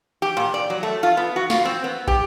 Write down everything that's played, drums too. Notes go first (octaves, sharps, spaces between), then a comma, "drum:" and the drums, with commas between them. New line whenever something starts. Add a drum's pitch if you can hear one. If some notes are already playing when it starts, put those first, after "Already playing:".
G4
A#2
D5
F#3
A3
F4
B3
F#4
F4, drum: snare
C4
B3
G4, drum: kick